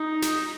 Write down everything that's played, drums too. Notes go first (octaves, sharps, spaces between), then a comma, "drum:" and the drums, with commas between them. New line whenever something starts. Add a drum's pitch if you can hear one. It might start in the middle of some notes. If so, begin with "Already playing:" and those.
Already playing: D#4
drum: snare